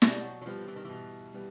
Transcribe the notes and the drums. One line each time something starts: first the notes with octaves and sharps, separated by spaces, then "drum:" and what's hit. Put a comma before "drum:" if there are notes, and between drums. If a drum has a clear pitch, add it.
B2 G3, drum: snare
F#3
F#3
F3 G3 B3
E3
D#3
B2 E3
G3 B3